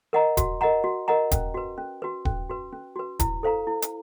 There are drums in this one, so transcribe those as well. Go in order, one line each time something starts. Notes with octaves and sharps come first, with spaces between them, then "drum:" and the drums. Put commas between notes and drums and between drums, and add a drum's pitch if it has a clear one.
A#4 D#5 F#5 A#5
F#4, drum: kick D#1, hi-hat
A#4 D#5 F#5 A#5
F#4
A#4 D#5 F#5 A#5
C#4, drum: kick D#1, hi-hat
F#4 B4
C#4
F#4 B4
C#4, drum: kick D#1
F#4 B4
C#4
F#4 B4
E4, drum: kick D#1, hi-hat
A4 C5 F5 A#5
E4
drum: hi-hat